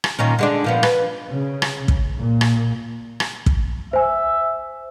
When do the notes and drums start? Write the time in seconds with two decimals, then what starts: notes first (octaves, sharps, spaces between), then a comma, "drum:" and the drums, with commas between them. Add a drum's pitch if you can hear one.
0.04 drum: rim click
0.19 A#2 D#3 C#4
0.39 D3 G#3 D4
0.64 A#2 F3 B3
0.83 B4, drum: rim click
1.27 C#3
1.62 drum: rim click
1.88 drum: kick
2.17 A#2
2.41 drum: rim click
3.20 drum: rim click
3.46 drum: kick
3.93 C5 E5 G#5